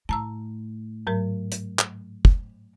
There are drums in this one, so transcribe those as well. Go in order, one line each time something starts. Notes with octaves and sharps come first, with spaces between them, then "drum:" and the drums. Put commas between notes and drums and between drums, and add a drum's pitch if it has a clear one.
A2 A5 A#5 E6
G#2 F#3 A#4
drum: hi-hat
drum: clap
drum: kick